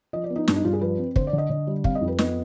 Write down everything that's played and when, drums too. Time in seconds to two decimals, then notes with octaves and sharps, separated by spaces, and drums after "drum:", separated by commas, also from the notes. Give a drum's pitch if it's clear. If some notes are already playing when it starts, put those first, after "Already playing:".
0.13 F3 D#5
0.24 D5
0.30 B3
0.36 D#4
0.48 G2 D4, drum: snare
0.56 D#4
0.65 G2 F4
0.73 G#4
0.81 F3 B4
0.98 C4
1.16 D3 C5, drum: kick
1.27 D5
1.33 D3
1.38 D#5
1.50 D3
1.67 G3
1.84 C4 F5, drum: kick
1.95 D#5
2.01 F2
2.08 B4
2.18 B3 D#5, drum: snare